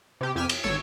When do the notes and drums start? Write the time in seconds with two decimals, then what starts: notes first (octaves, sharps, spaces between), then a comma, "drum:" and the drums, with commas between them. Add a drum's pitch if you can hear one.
0.21 C3 G4
0.35 F2 G4 G#5 E6 F6 B6
0.49 B6, drum: cymbal
0.63 G#1 A4 C#5 E6